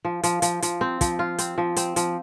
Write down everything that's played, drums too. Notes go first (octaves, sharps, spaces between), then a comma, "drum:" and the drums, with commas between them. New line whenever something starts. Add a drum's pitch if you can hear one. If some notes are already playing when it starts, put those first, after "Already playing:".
F3
F3, drum: hi-hat
F3, drum: hi-hat
F3, drum: hi-hat
C4
F3, drum: kick, hi-hat
F4
C4, drum: hi-hat
F3
C4, drum: hi-hat
F3, drum: hi-hat